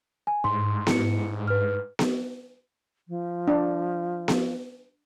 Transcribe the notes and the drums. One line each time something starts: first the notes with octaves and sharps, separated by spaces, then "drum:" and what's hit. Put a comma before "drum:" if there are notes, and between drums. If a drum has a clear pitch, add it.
G#5
G#2 C6
E4 C#7, drum: snare B3
B4 F6
drum: snare B3
F3
D4
drum: snare B3